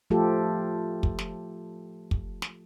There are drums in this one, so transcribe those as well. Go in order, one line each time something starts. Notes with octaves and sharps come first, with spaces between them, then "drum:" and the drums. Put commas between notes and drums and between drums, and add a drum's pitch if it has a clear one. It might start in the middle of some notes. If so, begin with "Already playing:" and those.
F3 A3 F4 G4 A4
drum: kick
drum: snare
drum: kick
drum: snare